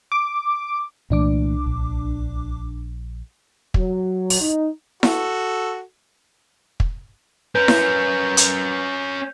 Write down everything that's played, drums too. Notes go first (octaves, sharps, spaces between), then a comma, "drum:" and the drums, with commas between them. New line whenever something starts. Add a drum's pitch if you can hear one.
D6
C2 A#2 E3 A3 D4 D6
A#1
F#3, drum: kick
drum: open hi-hat
D#4
F#4 A4, drum: snare E4
drum: kick
C#4 A#4 B4 G6
drum: snare E4
drum: hi-hat